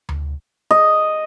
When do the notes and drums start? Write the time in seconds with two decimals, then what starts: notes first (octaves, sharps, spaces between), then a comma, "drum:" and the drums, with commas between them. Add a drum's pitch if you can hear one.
0.09 drum: tom D2
0.71 D#5